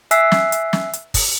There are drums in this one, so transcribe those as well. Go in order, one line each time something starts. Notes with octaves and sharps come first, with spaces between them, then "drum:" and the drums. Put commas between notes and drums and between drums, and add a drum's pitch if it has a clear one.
E5 G#5 E6 F#6 B6 C7, drum: hi-hat
drum: snare
drum: hi-hat
drum: snare
drum: hi-hat
drum: kick, open hi-hat